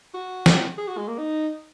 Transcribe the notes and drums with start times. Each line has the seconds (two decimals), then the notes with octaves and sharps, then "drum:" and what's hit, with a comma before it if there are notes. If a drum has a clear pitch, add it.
0.14 F#4
0.46 drum: snare
0.77 G#4
0.88 F#4
0.97 G#3
1.08 A#3
1.18 D#4